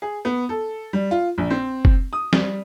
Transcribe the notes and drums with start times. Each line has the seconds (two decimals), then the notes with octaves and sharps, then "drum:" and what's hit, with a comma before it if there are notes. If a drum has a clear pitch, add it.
0.02 G#4
0.25 B3
0.49 A4
0.93 G3
1.11 F4
1.38 A#1
1.50 C4
1.85 drum: kick
2.13 D#6
2.33 G3, drum: snare